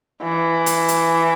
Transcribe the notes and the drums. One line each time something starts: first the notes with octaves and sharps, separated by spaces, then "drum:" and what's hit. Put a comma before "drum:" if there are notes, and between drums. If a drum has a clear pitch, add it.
E3
drum: hi-hat
drum: hi-hat